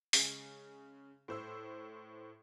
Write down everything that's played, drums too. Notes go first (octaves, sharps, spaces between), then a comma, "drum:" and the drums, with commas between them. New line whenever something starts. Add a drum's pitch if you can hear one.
C#3 G#3, drum: open hi-hat
A2 C5 E6